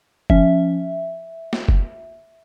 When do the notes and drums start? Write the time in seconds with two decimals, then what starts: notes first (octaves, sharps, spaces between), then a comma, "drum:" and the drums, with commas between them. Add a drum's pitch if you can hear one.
0.30 F3 C#4 E5, drum: kick F#1
1.53 drum: snare
1.69 drum: kick F#1